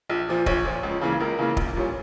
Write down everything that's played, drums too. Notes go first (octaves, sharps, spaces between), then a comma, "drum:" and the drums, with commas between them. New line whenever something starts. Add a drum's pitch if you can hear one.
A#1
A#2 F3
A#1 C#5, drum: kick
A#2 F3
C#2
C#3 E3 A#3
C#2 A#4
C#3 E3 A#3
A#1, drum: kick
A#2 G3 C#4